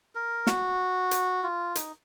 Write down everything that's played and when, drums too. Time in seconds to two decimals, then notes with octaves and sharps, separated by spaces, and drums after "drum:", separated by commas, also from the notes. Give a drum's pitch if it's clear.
0.15 A#4
0.47 F#4, drum: snare
1.11 drum: hi-hat
1.43 F4
1.75 D#4, drum: hi-hat